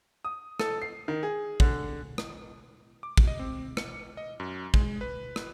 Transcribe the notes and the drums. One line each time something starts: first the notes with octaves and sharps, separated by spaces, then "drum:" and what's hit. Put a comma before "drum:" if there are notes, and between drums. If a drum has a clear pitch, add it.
D#6
A4, drum: rim click
C7
D#3
G#4
D3, drum: kick
drum: rim click
D6
drum: kick
D#5
C4
C#7, drum: rim click
D#5
F#2
G#3, drum: kick
B4
drum: rim click